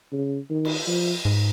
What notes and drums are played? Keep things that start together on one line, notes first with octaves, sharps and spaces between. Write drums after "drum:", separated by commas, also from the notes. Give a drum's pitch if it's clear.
C#3
D#3
drum: cymbal
F3
G#2